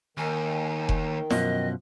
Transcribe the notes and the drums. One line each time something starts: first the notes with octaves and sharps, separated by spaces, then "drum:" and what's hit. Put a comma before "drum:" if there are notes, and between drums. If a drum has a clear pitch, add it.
D#2 D#3 G#5
drum: kick F1
F#2 B2 F3 D#5, drum: snare